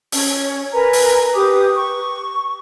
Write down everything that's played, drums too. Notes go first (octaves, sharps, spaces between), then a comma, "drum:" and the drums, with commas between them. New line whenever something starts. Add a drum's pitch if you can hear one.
C#4, drum: open hi-hat
A#4 B4 G#5 A#5
drum: open hi-hat
G4 B4 D6 D#6
C#6